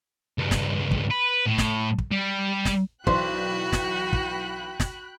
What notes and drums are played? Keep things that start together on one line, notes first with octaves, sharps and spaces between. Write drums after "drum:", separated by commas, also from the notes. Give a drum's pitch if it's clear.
C#2 G2
drum: snare
drum: kick
B4
A2
drum: snare
drum: kick
G3
drum: snare
B1 E3 F#4 C5 D5 G5 B5 F#6, drum: kick
drum: snare
drum: kick
drum: snare